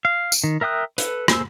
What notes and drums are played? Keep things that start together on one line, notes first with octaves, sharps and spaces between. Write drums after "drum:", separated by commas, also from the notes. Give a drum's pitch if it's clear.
F5
drum: tambourine
D#3
A#4 E5 G5 D#6 F#6
A4 B4, drum: hi-hat
A#3 G#4 C5 E6, drum: rim click